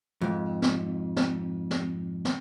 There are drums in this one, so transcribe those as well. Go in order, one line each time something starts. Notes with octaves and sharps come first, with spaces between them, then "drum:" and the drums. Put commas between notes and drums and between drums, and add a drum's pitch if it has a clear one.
F2 G#2
drum: snare
drum: snare
drum: snare
drum: snare